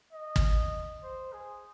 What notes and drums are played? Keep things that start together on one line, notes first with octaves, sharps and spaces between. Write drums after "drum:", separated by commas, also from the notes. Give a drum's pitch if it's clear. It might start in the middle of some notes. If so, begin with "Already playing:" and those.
D#5
drum: kick
C5
G#4